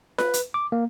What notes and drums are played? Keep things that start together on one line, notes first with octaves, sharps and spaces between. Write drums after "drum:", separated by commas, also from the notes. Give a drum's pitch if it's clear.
B4, drum: snare F4
drum: hi-hat
D6
A#3